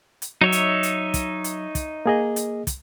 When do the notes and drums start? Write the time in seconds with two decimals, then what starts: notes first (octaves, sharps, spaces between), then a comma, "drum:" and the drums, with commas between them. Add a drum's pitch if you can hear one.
0.22 drum: hi-hat
0.41 F#3 D#4 C#5 E5
0.52 drum: hi-hat
0.83 drum: hi-hat
1.14 drum: kick, hi-hat
1.44 drum: hi-hat
1.75 drum: kick, hi-hat
2.06 A#3 G#4 D#5
2.36 drum: hi-hat
2.67 drum: kick, hi-hat